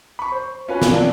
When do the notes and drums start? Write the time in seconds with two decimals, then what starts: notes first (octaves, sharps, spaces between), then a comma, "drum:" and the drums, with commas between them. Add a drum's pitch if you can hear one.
0.19 B5 C#6
0.32 C5
0.68 C#4 F4 F#4 A#4 B4 G#5
0.82 drum: snare
0.91 C3 F3 A#3 D4